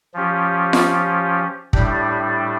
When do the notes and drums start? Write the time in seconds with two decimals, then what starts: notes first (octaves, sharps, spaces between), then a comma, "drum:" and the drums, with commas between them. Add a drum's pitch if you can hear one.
0.14 F3 C#4 G4
0.73 drum: snare F4
1.73 A2 G3 D4 G4, drum: kick